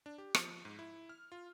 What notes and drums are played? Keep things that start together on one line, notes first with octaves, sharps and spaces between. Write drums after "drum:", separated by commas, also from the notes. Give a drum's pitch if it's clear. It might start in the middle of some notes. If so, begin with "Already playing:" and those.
D4
G4
F3, drum: rim click
G#2
E4
F6
F4